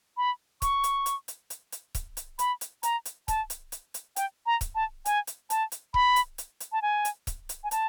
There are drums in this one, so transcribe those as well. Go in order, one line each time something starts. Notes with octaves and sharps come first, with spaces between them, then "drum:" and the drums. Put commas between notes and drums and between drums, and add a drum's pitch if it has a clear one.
B5
C#6, drum: kick C#1, hi-hat
drum: hi-hat
drum: hi-hat
drum: hi-hat
drum: hi-hat
drum: hi-hat
drum: kick C#1, hi-hat
drum: hi-hat
B5, drum: hi-hat
drum: hi-hat
A#5, drum: hi-hat
drum: hi-hat
A5, drum: kick C#1, hi-hat
drum: hi-hat
drum: hi-hat
drum: hi-hat
G5, drum: hi-hat
A#5
drum: kick C#1, hi-hat
A5
G#5, drum: hi-hat
drum: hi-hat
A5, drum: hi-hat
drum: hi-hat
B5, drum: kick C#1
drum: hi-hat
drum: hi-hat
drum: hi-hat
A5
G#5
drum: hi-hat
drum: kick C#1, hi-hat
drum: hi-hat
G#5
A5, drum: hi-hat